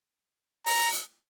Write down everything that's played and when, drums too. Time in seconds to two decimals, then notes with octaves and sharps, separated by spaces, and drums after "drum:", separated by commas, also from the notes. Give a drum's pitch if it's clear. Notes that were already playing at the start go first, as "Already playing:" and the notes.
0.66 A#5, drum: open hi-hat
0.92 drum: hi-hat